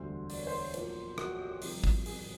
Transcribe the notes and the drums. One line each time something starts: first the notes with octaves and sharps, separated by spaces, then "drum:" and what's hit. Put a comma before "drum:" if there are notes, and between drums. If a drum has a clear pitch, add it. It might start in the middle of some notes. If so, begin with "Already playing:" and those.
Already playing: E1 D2 D3 G3 C5
D5, drum: open hi-hat
C#5
C5
C#5
B1 A#2 F3 A#3 C5, drum: hi-hat
F#4, drum: rim click
G4
F2 C3 D#3 G3 G4, drum: open hi-hat
drum: kick G#1
G#4, drum: open hi-hat